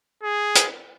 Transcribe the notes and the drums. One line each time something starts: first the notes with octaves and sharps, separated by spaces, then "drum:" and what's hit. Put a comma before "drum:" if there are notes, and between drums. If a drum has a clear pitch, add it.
G#4
drum: hi-hat